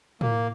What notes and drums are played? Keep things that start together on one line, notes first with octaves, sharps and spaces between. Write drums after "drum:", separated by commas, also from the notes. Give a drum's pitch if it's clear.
A#3, drum: tom A2